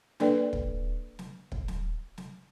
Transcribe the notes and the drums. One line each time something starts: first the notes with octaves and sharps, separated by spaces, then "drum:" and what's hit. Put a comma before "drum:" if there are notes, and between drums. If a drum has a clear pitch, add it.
A#3 D4 A4 B4 D5 G5, drum: snare
drum: kick
drum: snare
drum: kick
drum: snare
drum: snare